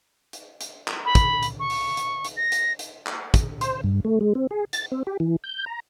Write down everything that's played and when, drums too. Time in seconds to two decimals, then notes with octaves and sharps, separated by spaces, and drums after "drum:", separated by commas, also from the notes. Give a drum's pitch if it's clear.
0.33 drum: hi-hat
0.61 drum: hi-hat
0.88 drum: clap
1.06 B5
1.15 drum: kick, hi-hat
1.43 drum: hi-hat
1.60 C#6
1.70 drum: open hi-hat
1.97 drum: hi-hat
2.25 drum: hi-hat
2.37 A#6
2.52 drum: hi-hat
2.79 drum: hi-hat
3.07 drum: clap
3.34 drum: kick, hi-hat
3.61 C5, drum: hi-hat
3.84 G2
4.05 A3
4.21 G#3
4.35 C4
4.51 G#4
4.73 A6, drum: hi-hat
4.92 C4
5.07 G4
5.20 E3
5.44 G6
5.66 A#5